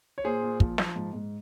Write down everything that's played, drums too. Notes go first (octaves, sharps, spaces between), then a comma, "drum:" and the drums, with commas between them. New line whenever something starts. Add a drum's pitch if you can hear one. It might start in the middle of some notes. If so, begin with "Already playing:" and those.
C#5
A#2 G#4 C5
A#2
F3, drum: kick
F3, drum: snare
G#2
G#2